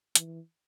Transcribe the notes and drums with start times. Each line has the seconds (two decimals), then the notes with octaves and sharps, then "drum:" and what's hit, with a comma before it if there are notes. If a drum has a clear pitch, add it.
0.15 E3, drum: hi-hat